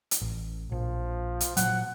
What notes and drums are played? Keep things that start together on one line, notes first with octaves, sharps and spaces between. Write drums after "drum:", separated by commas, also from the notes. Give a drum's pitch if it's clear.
drum: hi-hat
A1
A#1 F3
drum: hi-hat
A#2 F#3 F#5, drum: hi-hat